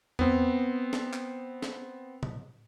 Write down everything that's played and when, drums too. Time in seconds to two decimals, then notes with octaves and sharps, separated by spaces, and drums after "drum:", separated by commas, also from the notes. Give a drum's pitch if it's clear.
0.19 B3 C4, drum: tom E2
0.93 drum: snare
1.13 drum: clap
1.63 drum: snare
2.23 drum: tom A2